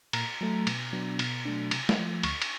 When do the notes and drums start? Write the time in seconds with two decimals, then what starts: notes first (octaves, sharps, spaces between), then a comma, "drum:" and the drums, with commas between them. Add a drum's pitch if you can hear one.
0.13 A#2 A#5, drum: cymbal
0.41 F#3 A3
0.67 B2, drum: cymbal
0.93 F#3 B3 D4
1.19 B2, drum: cymbal
1.45 F#3 A3 D4
1.71 C3, drum: cymbal
1.89 drum: snare
1.98 F3 A3
2.23 D2 C#6, drum: cymbal
2.42 drum: cymbal